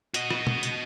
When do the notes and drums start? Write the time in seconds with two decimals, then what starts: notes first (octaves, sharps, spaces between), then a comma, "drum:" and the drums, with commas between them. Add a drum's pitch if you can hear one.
0.14 F#4 D#5, drum: hi-hat
0.31 drum: rim click
0.47 drum: tom B2
0.63 drum: hi-hat